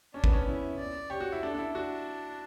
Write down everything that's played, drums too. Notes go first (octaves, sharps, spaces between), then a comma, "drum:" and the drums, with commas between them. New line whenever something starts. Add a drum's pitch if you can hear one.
C#4 D4
B3, drum: kick
C#4
E4
D5
G4 C#5
F#4
E4
D4 A4
D4
E4
D4 F#4